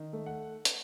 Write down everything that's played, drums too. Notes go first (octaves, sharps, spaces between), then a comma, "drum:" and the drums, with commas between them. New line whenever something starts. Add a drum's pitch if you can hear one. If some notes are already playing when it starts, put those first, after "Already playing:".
Already playing: D#3
A3
F#5
drum: hi-hat